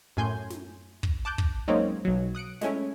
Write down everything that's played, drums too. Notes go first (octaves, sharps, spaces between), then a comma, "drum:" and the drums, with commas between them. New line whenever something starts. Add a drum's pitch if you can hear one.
F#2 A2 G#5 C6 G6
drum: snare
drum: kick
A5 D6 F#6 G6
drum: kick
F#3 G#3 A#3 C4 C#4 D#4
B1 F#3
D#6 F#6 C#7 D7
G#3 A3 C#4 E4, drum: snare